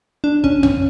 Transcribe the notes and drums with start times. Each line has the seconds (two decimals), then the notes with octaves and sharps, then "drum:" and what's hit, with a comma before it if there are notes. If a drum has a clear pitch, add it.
0.24 D4
0.44 C#4, drum: kick
0.63 C#4, drum: tom